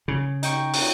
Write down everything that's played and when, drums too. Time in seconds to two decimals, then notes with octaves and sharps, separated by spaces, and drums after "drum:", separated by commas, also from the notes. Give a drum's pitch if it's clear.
0.08 C#3
0.43 D#4 G5 C#6, drum: hi-hat
0.73 drum: open hi-hat